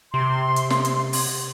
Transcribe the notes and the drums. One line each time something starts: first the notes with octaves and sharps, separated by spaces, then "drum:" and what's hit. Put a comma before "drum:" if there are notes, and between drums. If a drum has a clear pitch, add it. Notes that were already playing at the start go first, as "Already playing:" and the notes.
C3 C6
drum: hi-hat
drum: snare
drum: hi-hat
drum: open hi-hat